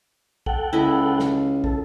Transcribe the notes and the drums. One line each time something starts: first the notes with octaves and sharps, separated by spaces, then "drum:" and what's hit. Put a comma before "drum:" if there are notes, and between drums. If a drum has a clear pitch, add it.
A4 F#5 G5, drum: kick
C#2 E4 D#5
drum: snare
A4, drum: kick